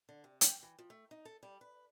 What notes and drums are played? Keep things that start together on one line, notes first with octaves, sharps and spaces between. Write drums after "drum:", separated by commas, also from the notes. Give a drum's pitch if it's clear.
D3
C3
G5, drum: hi-hat
E3
F3
A3
D#4
A4
G3
B4